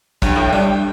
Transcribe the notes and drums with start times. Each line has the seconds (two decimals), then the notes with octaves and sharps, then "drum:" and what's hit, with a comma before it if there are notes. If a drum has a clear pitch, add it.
0.22 G2 F#3, drum: kick, hi-hat
0.36 A2
0.49 G2 G3